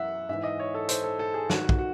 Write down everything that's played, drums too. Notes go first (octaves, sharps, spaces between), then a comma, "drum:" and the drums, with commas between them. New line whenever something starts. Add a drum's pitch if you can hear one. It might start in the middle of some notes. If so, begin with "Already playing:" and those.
Already playing: F#2 E3 E5 F#5
G#2 E3 E5
D#5
C#5
A4
C5, drum: hi-hat
A4
A4
G#4
G#2 D#3 F#4, drum: snare
drum: kick
F#4